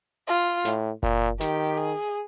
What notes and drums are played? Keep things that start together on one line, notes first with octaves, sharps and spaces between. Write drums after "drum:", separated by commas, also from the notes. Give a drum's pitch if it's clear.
F4, drum: hi-hat
A2, drum: snare
A#2, drum: kick F#1, hi-hat
D#3 G4, drum: snare
G#4, drum: hi-hat